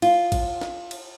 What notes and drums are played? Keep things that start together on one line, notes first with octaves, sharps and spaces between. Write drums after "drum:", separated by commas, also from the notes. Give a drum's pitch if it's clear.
F4, drum: cymbal
drum: kick A1, cymbal
drum: snare
drum: cymbal